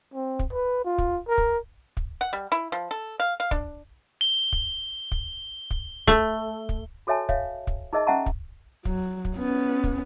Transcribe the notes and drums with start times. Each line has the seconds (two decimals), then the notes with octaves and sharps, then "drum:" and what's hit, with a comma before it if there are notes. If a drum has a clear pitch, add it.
0.14 C4
0.39 drum: kick
0.52 B4
0.85 F4
0.98 drum: kick
1.28 A#4
1.38 drum: kick
1.97 drum: kick
2.21 F#5
2.33 G3
2.52 E4
2.72 F3
2.91 A4
3.20 F5
3.40 F5
3.51 D4, drum: kick
4.21 G7
4.52 drum: kick
5.12 drum: kick
5.71 drum: kick
6.07 A3, drum: kick
6.69 drum: kick
7.07 F#4 A4 C#5 E5 G#5 A5
7.29 C#5 E5 F5, drum: kick
7.67 drum: kick
7.93 D#4 G#4 A#4 D#5 E5 A5
8.07 C#4 E5 F#5 A5 A#5 C#6
8.26 drum: kick
8.85 F#3, drum: kick
9.25 drum: kick
9.37 B3 C#4
9.84 drum: kick